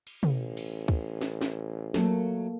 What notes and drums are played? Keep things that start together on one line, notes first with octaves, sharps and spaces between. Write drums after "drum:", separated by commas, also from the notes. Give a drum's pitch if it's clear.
drum: cymbal
A1, drum: tom
drum: cymbal
drum: kick
drum: snare
drum: snare
F#3 A3 A#3 A4, drum: snare